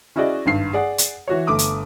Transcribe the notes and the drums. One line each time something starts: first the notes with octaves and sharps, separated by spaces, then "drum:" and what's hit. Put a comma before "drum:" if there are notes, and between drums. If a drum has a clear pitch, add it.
C#4 E4 F#4 G#4 D5 D#5
G#1 G2 C7
G#4 D5 F#5
drum: hi-hat
E3 F#4 C#5
G1 A3 D6 D#6
drum: hi-hat